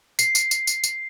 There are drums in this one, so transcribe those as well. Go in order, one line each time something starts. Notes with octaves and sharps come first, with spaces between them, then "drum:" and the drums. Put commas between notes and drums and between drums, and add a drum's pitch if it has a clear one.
C7, drum: tambourine
drum: tambourine
drum: tambourine
drum: tambourine
drum: tambourine